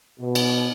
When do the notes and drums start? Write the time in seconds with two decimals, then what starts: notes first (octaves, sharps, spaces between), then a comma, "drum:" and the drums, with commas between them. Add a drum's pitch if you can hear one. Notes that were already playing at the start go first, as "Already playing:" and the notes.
0.20 B2
0.35 drum: cymbal